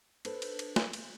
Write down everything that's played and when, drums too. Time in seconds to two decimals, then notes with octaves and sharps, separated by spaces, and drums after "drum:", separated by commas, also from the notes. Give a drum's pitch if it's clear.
0.25 D4 A4 B4 C5, drum: cymbal
0.42 drum: cymbal
0.59 drum: cymbal
0.76 drum: snare
0.93 drum: cymbal